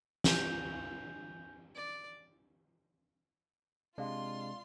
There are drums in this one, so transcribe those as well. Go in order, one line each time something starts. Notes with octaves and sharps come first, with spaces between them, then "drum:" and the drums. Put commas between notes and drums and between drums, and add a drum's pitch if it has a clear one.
G#5 G6 F7, drum: snare
D5
C3 G#3 D4 F4 D5 F5 C6